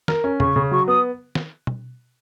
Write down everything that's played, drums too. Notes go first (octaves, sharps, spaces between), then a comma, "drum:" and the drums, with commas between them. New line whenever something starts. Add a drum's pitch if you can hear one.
A#4, drum: snare
C#4
C#3 C#6, drum: tom
C#3
F#3 C#6
B3 D#6
drum: snare
drum: tom